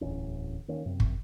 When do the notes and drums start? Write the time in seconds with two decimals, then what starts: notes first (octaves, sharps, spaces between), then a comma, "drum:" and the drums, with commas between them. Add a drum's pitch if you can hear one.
0.01 D1 A1 E2 C#4
0.68 D#3 A#3 C#4
0.86 F#2 C3
1.00 drum: kick